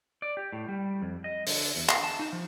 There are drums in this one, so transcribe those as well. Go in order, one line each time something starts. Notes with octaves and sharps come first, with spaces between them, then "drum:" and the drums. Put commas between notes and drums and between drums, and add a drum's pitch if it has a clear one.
D5
G4
A2
G3
F2
D#5
D3, drum: open hi-hat
E2
F5, drum: clap
A5
D#4
F3